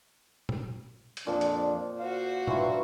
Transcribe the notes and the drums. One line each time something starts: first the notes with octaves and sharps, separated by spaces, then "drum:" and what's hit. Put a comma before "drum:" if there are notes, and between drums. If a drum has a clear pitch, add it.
drum: tom A#2
drum: hi-hat
F2 A#2 F3 D4
drum: hi-hat
F#4 C5 F5
G2 E3 F#3 E4 F4 C#6, drum: tom A#2